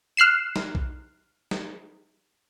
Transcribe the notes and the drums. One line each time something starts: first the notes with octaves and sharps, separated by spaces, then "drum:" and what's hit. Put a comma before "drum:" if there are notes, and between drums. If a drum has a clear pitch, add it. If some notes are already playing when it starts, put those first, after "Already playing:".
F6 F#6 C7 E7
drum: snare
drum: kick B1
drum: snare